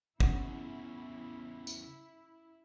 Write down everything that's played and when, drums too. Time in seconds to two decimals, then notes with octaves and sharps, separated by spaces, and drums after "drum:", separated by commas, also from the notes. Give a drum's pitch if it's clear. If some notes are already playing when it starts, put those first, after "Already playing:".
0.20 E2 C#3 B3 C#4 E4 G#4 F#5, drum: kick
1.67 drum: tambourine